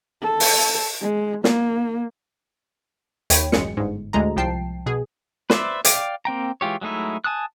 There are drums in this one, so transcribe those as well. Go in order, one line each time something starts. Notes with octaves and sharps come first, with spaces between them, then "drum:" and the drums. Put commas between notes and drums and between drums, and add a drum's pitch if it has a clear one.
A4
drum: open hi-hat
G#3
A#3, drum: snare
D#2 C#5 G5 B5, drum: hi-hat
A1 F#2 G#3 C#7, drum: snare
G1 G#2
D2 A2 G#3 D#5 A#5
C2 F3 G5 A5 C7
B2 G#4
B4 C5 D5 E5, drum: snare
D5 F5 G5 D6, drum: hi-hat
A#3 C4 G5 A#5
E3 G#3 F4 G4 C#5
F#3 G#3 A3 D#4 E4
G#5 A5 D#6 F#6